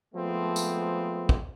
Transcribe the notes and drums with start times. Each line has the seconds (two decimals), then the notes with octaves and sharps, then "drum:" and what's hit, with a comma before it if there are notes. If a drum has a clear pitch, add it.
0.14 F3 G#3 A3 B3 C4
0.56 drum: tambourine
1.29 drum: kick